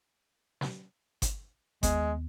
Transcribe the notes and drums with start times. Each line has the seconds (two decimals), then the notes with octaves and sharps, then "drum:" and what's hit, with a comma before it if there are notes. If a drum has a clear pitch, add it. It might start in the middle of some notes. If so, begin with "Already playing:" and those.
0.61 drum: snare
1.22 drum: kick G1, hi-hat
1.83 D#2 G#3 B3, drum: kick G1, hi-hat